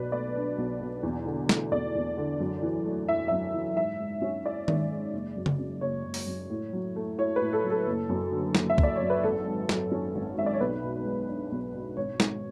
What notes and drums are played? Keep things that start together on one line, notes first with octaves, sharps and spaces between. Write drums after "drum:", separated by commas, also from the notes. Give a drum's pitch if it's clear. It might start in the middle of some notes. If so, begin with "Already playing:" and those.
Already playing: B1 B2 B4 D5
A3 D5
D4
B1
B2
E2
D3
A3, drum: snare
E2 D5
E2
D3
F#2
E3
A3
E4 E5
F#2 E5
E3
G#2 E5
G#3
C#4
E4 D5
G#2, drum: tom D#3
G#3
F#1
F#2
drum: tom C#3
C#3
F#1 C#5
F#1
drum: open hi-hat
F#2
A2
F#3
A3
E4 C#5
B4
A2
A4
F#3
A4
F#1
F#2
D3
F#1, drum: snare
E5
F#1, drum: kick
D5
C#5
F#2
B4
G#1 A4
G#2
F#3, drum: snare
C#4
G#1
G#2 E5
D5
C#5
B1 B4
B2
G#3
D4
B1
B2
G#1 C#5
G#2, drum: snare